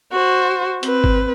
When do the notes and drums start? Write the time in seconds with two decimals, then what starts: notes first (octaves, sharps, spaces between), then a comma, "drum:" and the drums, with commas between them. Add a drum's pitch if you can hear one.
0.12 F#4 C5
0.83 C4 B4, drum: hi-hat
1.04 drum: kick G#1